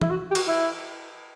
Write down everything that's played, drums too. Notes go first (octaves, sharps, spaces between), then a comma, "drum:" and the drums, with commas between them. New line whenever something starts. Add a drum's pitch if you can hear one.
E4, drum: tom
F#4
G4
F#4, drum: cymbal
E4